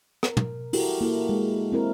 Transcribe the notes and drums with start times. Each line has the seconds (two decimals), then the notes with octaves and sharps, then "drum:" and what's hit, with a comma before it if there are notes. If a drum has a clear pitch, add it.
0.23 A#4, drum: rim click
0.37 drum: tom
0.73 E4 F#4 G4 A4 A#4, drum: open hi-hat
1.01 A#3 E4 A4
1.29 G#3
1.72 C4 E4 A#4